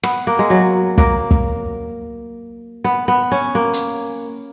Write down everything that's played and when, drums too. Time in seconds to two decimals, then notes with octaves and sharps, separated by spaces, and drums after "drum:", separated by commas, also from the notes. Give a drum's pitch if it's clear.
0.03 B3, drum: rim click
0.27 A#3
0.39 G#3
0.50 F#3
0.98 A#3, drum: kick
1.31 drum: kick
2.84 B3
3.08 B3
3.32 C#4
3.55 A#3
3.73 drum: hi-hat